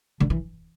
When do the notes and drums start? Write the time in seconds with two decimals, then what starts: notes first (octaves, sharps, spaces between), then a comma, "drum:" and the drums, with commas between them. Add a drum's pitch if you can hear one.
0.20 D3, drum: kick D#1
0.30 E3